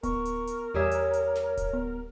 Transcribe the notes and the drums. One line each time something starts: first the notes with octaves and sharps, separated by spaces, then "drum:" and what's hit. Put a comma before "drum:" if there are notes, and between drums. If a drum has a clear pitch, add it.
B3 A#4 C#6, drum: kick D1, hi-hat
drum: hi-hat
drum: hi-hat
E2 G3 G#4 C#5 E5
drum: hi-hat
drum: hi-hat
drum: snare
drum: kick D1, hi-hat
B3